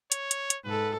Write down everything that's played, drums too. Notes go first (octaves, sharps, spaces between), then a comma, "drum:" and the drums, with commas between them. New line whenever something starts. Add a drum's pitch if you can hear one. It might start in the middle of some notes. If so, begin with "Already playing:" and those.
C#5, drum: hi-hat
drum: hi-hat
drum: hi-hat
G#2 A4 B4